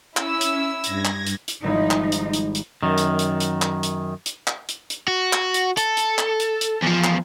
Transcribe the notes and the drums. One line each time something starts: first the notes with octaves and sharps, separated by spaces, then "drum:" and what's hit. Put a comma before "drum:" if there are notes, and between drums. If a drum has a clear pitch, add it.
C#4 E4 E6, drum: clap
drum: hi-hat
G2 G#6 A#6, drum: hi-hat
drum: clap
drum: hi-hat
drum: hi-hat
G#1 F3 G3 D#4 E4
drum: clap
drum: hi-hat
drum: hi-hat
drum: hi-hat
F#2 D#3
drum: hi-hat
drum: hi-hat
drum: hi-hat
drum: clap
drum: hi-hat
drum: hi-hat
drum: clap
drum: hi-hat
drum: hi-hat
F#4
drum: clap
drum: hi-hat
A4, drum: hi-hat
drum: hi-hat
drum: clap
drum: hi-hat
drum: hi-hat
E2 F3
drum: clap